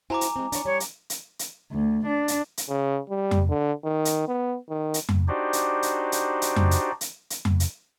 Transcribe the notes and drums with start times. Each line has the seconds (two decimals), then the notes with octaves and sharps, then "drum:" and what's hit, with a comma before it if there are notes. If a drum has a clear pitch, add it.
0.10 E4 F#4 C5 G#5 A#5 D6
0.21 drum: hi-hat
0.36 G#3 C4
0.52 D4 C#5, drum: hi-hat
0.65 G3 C#5
0.80 drum: hi-hat
1.10 drum: hi-hat
1.39 drum: hi-hat
1.72 D2
2.06 D4
2.28 drum: hi-hat
2.57 drum: hi-hat
2.69 C#3
3.09 G3
3.31 drum: tom F2
3.49 D3
3.84 D#3
4.05 drum: hi-hat
4.28 B3
4.69 D#3
4.94 drum: hi-hat
5.09 drum: tom F2
5.28 D4 D#4 F#4 G4 C5 D5
5.53 drum: hi-hat
5.83 drum: hi-hat
6.12 drum: hi-hat
6.42 drum: hi-hat
6.56 drum: tom F2
6.71 drum: hi-hat
7.01 drum: hi-hat
7.30 drum: hi-hat
7.45 drum: tom F2
7.60 drum: hi-hat